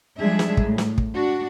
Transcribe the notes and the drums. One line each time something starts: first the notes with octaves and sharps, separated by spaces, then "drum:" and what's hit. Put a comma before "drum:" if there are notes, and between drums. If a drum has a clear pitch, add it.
F3 G3 G#3 D4 G#4 E5
drum: snare
A2, drum: kick
drum: snare
drum: kick
D4 F#4